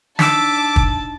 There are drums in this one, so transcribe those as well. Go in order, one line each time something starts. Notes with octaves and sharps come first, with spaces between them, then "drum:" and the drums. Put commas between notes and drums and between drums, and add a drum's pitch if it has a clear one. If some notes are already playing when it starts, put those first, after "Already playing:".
D4 D#4 A5 D6 E6 B6, drum: snare
drum: kick